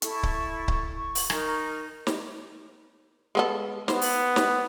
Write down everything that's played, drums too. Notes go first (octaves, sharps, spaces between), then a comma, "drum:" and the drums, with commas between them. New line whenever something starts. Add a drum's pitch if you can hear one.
E4 A4 C#6, drum: hi-hat
drum: kick C#1
drum: kick C#1
C#6
drum: open hi-hat
D#4 A#4 A#5 C#6, drum: rim click
drum: snare
G#3 B3 A4
B3 C5, drum: snare
drum: open hi-hat
drum: snare